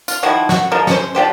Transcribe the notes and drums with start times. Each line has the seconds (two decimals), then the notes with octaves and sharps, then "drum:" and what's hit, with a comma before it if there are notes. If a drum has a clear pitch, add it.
0.08 F4, drum: tambourine
0.23 D#3 F3 E4 F#4
0.49 F#4, drum: snare
0.71 F3 G#3 A#4
0.87 C#4 C5, drum: snare
1.15 D4 F4 G4 C5